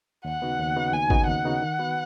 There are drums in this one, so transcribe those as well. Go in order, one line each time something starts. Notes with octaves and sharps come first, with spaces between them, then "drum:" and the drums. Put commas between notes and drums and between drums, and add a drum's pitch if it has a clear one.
D#2 F#5
C#3 B3 D#4 F#4
D#2
C#3 B3 D#4 F#4
D#2 G#5
C#3 B3 D#4 F#4, drum: kick
D#2 F#5
C#3 B3 D#4 F#4
D#3
B3 F#4 B4